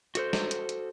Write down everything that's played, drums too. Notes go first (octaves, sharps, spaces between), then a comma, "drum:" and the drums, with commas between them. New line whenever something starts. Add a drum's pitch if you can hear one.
F#4 A4 C5, drum: hi-hat
drum: snare
drum: hi-hat
drum: hi-hat